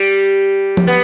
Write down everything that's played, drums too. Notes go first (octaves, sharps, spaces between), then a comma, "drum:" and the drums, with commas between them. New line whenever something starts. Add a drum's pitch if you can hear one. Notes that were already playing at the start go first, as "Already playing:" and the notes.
Already playing: G3
drum: tom F3
B3